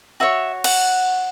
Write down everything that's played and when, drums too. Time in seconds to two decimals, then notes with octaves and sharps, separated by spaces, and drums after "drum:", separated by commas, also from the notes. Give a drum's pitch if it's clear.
0.20 F#4 C#5 E5
0.64 F#5, drum: cymbal